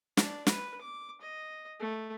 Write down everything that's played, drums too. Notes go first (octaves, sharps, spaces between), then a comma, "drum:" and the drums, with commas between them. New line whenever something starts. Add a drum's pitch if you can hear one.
D4, drum: snare
B4, drum: snare
D6
D#5
A3